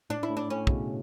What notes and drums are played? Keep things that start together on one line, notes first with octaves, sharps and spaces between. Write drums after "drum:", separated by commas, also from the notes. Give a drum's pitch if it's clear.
A2 D4
E4
A2
D4
A2 C#4
C#3, drum: kick
B2